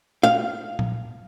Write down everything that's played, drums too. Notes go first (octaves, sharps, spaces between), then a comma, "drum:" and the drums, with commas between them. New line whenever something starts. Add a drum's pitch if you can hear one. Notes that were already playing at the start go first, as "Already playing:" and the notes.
F5
drum: tom A#2